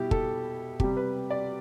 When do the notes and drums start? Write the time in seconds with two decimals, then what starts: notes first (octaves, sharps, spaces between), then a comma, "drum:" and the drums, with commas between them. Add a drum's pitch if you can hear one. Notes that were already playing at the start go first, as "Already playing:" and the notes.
Already playing: B2 G3 E4 G4
0.11 A4, drum: kick
0.80 C3 G3 G4, drum: kick
0.97 B4
1.31 D5